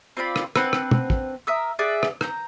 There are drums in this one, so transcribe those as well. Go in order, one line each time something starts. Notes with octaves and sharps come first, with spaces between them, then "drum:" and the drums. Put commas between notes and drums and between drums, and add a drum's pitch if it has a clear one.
C4 F4 D5 B5
drum: rim click
C4 D4 B4 F#5, drum: rim click
drum: rim click
drum: tom
drum: kick
A#4 E5 D#6 E6
G#4 D5 E5 F#5
drum: rim click
A#5 G6, drum: rim click